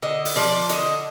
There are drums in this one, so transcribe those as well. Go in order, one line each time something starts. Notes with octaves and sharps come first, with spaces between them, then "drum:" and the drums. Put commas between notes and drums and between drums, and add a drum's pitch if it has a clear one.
D3 D#5
drum: open hi-hat
F3 D5
D3 D#5, drum: hi-hat